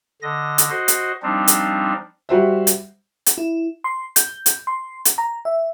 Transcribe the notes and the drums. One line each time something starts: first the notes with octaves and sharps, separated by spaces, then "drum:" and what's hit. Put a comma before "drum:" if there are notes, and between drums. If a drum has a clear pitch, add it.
D3 D#5 A#6
drum: hi-hat
F#4 C5 D#5
drum: hi-hat
F3 G3 C4 D4 D#4
drum: hi-hat
G3 F#4 C5 E5
drum: hi-hat
drum: hi-hat
E4
C6
G6, drum: hi-hat
drum: hi-hat
C6
drum: hi-hat
A#5
E5